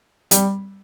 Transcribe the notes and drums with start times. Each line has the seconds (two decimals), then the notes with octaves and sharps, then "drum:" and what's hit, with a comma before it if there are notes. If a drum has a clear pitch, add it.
0.31 G3, drum: hi-hat